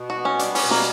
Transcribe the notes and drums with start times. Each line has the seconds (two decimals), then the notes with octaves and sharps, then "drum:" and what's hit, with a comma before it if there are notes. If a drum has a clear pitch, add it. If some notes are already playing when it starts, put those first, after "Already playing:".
Already playing: B2
0.10 F#4
0.16 B3
0.25 C#4
0.39 G3 D4, drum: hi-hat
0.55 C#4, drum: open hi-hat
0.63 B2
0.71 A#3, drum: snare